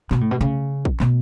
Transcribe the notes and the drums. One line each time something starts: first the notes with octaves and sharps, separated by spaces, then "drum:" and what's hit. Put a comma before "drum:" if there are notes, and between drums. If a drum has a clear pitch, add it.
B2, drum: clap
A2
B2
C#3
drum: kick
B2, drum: clap